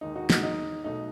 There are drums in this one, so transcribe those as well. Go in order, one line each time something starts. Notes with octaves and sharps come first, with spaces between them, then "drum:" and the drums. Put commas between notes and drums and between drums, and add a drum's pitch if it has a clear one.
D#2 D#3 G#3 D#4
D#4 F#4
D#4 F#4, drum: snare
D#4
B1 B2 A3 D#4